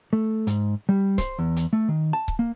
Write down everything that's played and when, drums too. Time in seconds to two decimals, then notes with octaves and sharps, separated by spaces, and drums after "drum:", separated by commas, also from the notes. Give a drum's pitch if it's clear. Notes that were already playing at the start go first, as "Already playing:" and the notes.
0.13 A3
0.47 G#2, drum: hi-hat
0.89 G3
1.18 C5, drum: kick C#1, hi-hat
1.39 E2
1.56 drum: hi-hat
1.73 A3
1.89 D#3
2.13 A5
2.28 drum: kick C#1
2.39 A#3